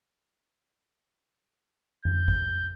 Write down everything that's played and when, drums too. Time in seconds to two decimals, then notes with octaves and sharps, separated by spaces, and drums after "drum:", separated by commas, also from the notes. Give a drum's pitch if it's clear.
2.05 G6, drum: tom F2
2.28 drum: kick